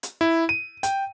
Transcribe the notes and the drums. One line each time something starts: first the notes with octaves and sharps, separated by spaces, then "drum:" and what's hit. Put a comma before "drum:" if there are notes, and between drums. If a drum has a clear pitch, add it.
drum: hi-hat
E4
D#7
G5, drum: hi-hat